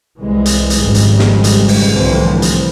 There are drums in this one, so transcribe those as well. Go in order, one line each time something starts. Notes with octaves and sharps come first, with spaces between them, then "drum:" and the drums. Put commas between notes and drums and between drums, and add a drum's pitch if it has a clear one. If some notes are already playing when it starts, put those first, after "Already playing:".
C2 E3 G#3
drum: hi-hat
drum: hi-hat
G#1 F2 C#3 G3 G#3
drum: hi-hat
drum: snare
drum: hi-hat
drum: open hi-hat
C2 A2 D3 E3 F3 C4
drum: hi-hat